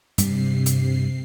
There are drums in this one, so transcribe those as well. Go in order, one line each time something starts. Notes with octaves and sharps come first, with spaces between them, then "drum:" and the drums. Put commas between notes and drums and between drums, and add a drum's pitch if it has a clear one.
G2 C3 G3 C7, drum: hi-hat
drum: hi-hat